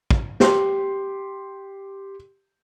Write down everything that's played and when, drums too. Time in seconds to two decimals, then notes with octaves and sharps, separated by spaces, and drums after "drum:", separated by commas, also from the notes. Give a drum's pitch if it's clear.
0.11 drum: kick
0.40 G4 C6, drum: snare